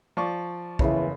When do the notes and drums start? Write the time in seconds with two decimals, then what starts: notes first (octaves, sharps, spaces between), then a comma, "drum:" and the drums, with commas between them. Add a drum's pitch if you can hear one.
0.17 F3 D5 C#6
0.79 F#1 E2 C#3 E3 E4, drum: kick